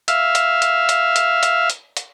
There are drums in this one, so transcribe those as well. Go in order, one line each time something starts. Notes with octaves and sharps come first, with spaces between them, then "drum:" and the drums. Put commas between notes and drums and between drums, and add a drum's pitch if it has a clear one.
E5 F5, drum: hi-hat
drum: hi-hat
drum: hi-hat
drum: hi-hat
drum: hi-hat
drum: hi-hat
drum: hi-hat
drum: hi-hat